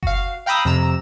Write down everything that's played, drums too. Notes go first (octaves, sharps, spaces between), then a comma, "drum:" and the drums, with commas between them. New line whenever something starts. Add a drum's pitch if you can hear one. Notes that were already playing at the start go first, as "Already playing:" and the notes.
F#4 F5, drum: kick F#1
F5 G5 A#5 B5 D#6 E6
F2 C3 A#5 E6 E7